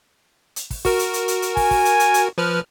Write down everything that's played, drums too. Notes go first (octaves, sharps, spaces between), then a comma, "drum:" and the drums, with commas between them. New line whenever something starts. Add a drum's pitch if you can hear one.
drum: hi-hat
drum: kick, open hi-hat
F#4 A#4, drum: kick, open hi-hat
drum: hi-hat
drum: hi-hat
drum: hi-hat
drum: hi-hat
G#5, drum: kick, open hi-hat
drum: kick, open hi-hat
drum: hi-hat
drum: hi-hat
drum: hi-hat
F3 B4 F6